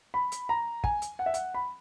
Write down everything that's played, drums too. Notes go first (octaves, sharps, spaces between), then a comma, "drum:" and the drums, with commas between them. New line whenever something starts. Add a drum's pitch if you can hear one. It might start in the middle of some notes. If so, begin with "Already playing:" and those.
B5
drum: hi-hat
A#5
G#5, drum: kick
drum: hi-hat
F#5
E5
F#5, drum: hi-hat
B5